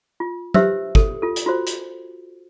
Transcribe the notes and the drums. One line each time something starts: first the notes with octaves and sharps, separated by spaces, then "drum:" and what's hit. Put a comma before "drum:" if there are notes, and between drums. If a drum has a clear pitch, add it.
F4
G4 B4 C5 E5 E6, drum: tom
A4, drum: kick
F4 A4
drum: hi-hat
F4 F#4 C5
drum: hi-hat